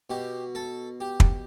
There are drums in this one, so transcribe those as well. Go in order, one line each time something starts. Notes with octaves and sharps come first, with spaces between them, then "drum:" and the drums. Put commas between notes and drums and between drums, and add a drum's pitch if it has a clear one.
B2 G4
A4
G4
drum: kick